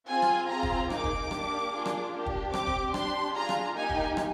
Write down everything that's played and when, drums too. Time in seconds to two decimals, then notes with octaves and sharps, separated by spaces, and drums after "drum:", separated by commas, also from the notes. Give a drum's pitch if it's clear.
0.09 C4 F4 G#4 G#5
0.22 drum: rim click
0.49 C4 F4 G#4 A#5
0.63 drum: kick
0.90 A#3 D#4 G#4 D6, drum: rim click
1.04 drum: kick
1.31 A#3 D4 G4, drum: rim click
1.72 A#3 D4 F4 G#4
1.86 drum: rim click
2.13 A#3 D4 G4
2.26 drum: kick
2.54 C4 G4 D6, drum: rim click
2.67 drum: kick
2.94 D4 G4 C6, drum: rim click
3.35 D4 F4 G#4 A#5
3.49 drum: rim click
3.76 A#3 D#4 G4 G#5
3.90 drum: kick
4.17 drum: rim click